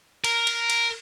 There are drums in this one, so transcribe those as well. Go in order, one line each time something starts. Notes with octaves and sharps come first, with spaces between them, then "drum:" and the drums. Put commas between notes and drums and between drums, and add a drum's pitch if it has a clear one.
A#4, drum: cymbal
drum: cymbal
drum: cymbal